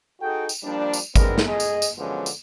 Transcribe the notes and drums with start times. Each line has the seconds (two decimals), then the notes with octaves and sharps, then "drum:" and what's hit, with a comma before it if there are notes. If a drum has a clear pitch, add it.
0.21 D#4 F#4 G#4 A4 G5
0.49 drum: tambourine
0.64 F3 G3 A#3 D4
0.93 drum: tambourine
1.16 G#3 B3 C4 D4 G#4 A#4, drum: kick G#1, tambourine
1.38 drum: snare
1.47 G#4 D#5
1.60 drum: tambourine
1.82 drum: tambourine
1.98 D3 F3 F#3 G#3 B3 C#4
2.26 drum: tambourine